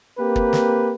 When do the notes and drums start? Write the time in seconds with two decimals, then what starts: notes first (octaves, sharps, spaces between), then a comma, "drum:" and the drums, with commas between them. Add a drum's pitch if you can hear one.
0.18 A#3 C4 G4 A#4 B4
0.36 drum: kick
0.53 drum: snare